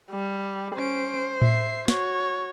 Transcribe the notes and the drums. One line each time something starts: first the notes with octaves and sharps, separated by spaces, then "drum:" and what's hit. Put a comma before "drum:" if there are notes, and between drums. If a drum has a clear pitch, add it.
G3
C#4 C5 D7
E5 C7, drum: tom A2
F#4 C#5, drum: snare